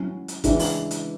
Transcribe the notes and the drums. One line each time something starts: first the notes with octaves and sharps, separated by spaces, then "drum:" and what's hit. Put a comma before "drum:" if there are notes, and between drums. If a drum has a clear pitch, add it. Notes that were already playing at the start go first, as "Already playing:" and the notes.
Already playing: F#3 C#4 E4
drum: hi-hat
C#3 E3 G#3 D4, drum: kick G#1, hi-hat
drum: open hi-hat
drum: hi-hat